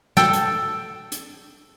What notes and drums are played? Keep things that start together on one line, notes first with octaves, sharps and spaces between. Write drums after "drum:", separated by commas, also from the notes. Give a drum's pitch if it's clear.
A4 G5, drum: snare
drum: hi-hat
drum: hi-hat